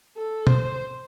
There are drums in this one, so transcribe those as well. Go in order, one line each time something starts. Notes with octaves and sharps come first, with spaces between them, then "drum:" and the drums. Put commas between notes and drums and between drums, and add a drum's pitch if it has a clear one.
A4
C5, drum: tom